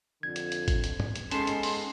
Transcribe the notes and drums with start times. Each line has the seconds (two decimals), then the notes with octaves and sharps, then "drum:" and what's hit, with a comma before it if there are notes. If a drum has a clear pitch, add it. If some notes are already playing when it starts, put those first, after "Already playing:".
0.23 F2 D3 G#6
0.36 drum: hi-hat
0.52 drum: hi-hat
0.68 drum: kick G#1, hi-hat
0.84 drum: hi-hat
1.00 drum: tom
1.16 drum: hi-hat
1.31 G#3 B3 C#4 D#4 A4 A5 C6, drum: hi-hat
1.47 drum: hi-hat
1.63 drum: open hi-hat